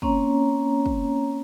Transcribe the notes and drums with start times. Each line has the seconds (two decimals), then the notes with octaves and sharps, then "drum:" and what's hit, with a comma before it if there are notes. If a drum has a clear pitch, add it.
0.02 A#3 C4 C#4 C#5 A#5, drum: kick
0.86 drum: kick